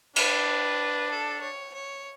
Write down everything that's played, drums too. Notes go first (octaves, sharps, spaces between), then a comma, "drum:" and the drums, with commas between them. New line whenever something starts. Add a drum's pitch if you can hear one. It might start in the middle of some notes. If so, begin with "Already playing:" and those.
D4 B4, drum: cymbal
A4
C#5
C#5